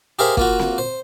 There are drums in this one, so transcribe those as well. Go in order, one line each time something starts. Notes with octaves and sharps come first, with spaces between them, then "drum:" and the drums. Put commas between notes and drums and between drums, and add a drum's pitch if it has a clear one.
G4 G#4 A#4 C5 E5 F5
A#3 F4 F#4, drum: kick
drum: snare C4
C5